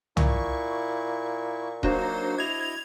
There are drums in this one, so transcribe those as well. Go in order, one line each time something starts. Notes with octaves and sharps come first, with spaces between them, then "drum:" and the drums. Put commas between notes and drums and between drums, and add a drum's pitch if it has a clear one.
A#2 E4 C#6, drum: tom
F#3 A#3 D4 D#4 F#4 C5, drum: kick D#1
E4 D#5 G#6 F7